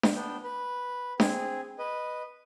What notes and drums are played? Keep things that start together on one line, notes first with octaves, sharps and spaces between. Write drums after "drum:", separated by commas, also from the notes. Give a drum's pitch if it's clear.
drum: snare D4
B3 D4 G5
B4
C4 G#4, drum: snare D4
B4 D#5